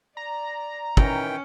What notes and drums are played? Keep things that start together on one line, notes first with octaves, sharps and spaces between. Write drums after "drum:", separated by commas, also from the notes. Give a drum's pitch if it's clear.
D5 A#5
D#3 E3 C#4 G5, drum: kick